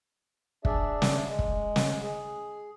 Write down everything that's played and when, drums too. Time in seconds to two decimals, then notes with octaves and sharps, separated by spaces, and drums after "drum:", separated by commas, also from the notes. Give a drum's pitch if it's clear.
0.65 D4 G#4 D5 E5, drum: kick
1.02 drum: snare
1.25 G#3
1.39 drum: kick
1.76 drum: snare
2.02 G#4